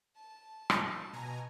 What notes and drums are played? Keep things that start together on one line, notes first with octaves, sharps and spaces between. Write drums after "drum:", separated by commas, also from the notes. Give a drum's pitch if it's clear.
A5
drum: rim click
B2 G#5 A#5